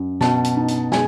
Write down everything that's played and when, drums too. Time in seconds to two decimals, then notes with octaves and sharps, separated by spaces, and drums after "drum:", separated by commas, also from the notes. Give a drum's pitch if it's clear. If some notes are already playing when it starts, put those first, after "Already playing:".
Already playing: F#2
0.21 B2 A5, drum: snare
0.44 drum: hi-hat
0.56 D#4
0.68 drum: hi-hat
0.92 G#3 G#5, drum: snare